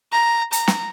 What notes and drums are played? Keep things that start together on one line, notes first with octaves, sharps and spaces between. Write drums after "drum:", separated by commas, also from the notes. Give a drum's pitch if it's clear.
A#5
A#5, drum: hi-hat
drum: snare